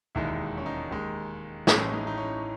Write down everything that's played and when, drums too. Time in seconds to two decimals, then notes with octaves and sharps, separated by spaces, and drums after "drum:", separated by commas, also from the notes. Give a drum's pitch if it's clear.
0.15 E1 D#2 D#3 G#3 E4
0.57 C#4
0.66 D#4
0.91 D#2 D#3 G#3
1.67 A1 A2 E3 G#3 C#4, drum: snare
1.93 D#4
2.07 D#4
2.17 C#4